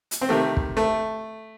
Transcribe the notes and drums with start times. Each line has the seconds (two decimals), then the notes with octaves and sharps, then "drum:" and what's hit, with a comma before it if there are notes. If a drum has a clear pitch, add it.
0.11 drum: hi-hat
0.21 C4
0.29 C3 D#3 A3
0.57 drum: kick
0.77 A3